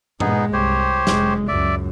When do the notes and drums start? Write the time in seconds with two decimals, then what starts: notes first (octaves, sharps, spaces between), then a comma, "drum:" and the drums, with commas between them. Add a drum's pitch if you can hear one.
0.20 A#2 G#3 B3 D#4 G#4, drum: tom G2
0.53 C2 G4 C5 C#5
1.07 F1 G#3, drum: snare
1.48 C#2 F#2 D5 E5